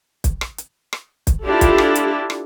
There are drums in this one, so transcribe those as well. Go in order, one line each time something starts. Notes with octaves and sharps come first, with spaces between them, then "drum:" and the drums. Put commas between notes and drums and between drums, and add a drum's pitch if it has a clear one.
drum: kick, hi-hat
drum: rim click
drum: hi-hat
drum: rim click
drum: kick, hi-hat
D4 E4 F4 G4 A4
drum: kick, hi-hat
drum: rim click
drum: hi-hat
drum: rim click